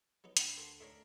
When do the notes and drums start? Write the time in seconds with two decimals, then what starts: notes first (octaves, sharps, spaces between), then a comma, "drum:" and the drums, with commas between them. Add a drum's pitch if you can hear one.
0.24 F#3 B3 D#4
0.37 D2 E4 F#5 G5 B5 C#6, drum: hi-hat
0.57 A4 A#4 C6
0.81 A2 A3 D4 D#4 A#4 C#5